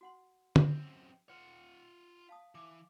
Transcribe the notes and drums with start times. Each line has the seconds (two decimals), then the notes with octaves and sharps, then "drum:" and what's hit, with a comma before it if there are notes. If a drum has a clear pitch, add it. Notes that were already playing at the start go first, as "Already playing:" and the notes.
0.01 F#4 F#5 C6
0.56 F#2 C4, drum: tom
1.30 F4 B4 F#5
2.29 F5 A5 D#6
2.55 E3 D6